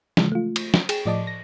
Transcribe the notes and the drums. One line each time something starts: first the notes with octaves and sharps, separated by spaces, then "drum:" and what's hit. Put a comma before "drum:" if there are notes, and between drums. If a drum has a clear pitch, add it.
C#3 E3 F3 G#3, drum: snare
A3 F4
drum: cymbal
drum: snare
G#4 G5 E7, drum: cymbal
A2 F3 D5 D#5 A5 D6
A#6